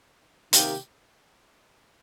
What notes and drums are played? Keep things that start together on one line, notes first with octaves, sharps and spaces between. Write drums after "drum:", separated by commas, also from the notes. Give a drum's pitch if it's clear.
C3 D#3 A#3 D#4 G4, drum: hi-hat